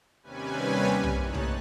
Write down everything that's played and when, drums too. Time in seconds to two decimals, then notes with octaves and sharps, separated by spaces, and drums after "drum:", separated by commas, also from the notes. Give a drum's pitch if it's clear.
0.23 D#2 C3 G3 C#4 B4 G#5
1.04 drum: tom B1
1.21 D#2 A2 D#4 C#5 A5 F#6
1.34 drum: tom B1